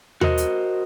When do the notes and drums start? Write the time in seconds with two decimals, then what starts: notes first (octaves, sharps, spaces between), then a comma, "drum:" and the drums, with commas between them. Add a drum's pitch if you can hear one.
0.21 F#4 A#4 C5 D#5, drum: tom D#2
0.38 drum: hi-hat